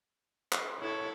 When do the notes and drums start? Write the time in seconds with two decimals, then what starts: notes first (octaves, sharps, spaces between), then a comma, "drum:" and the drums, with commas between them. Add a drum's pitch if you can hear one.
0.52 drum: clap
0.80 E4 A4 C#5